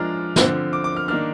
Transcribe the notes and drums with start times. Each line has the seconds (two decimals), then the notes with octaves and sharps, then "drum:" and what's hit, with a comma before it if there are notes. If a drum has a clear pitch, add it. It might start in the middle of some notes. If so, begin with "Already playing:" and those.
Already playing: F3 G#3 D4 A#5 F6
0.36 D3 F3 C4, drum: snare
0.73 D6
0.84 D6
0.96 F6
1.08 D#3 A#3 D4 F6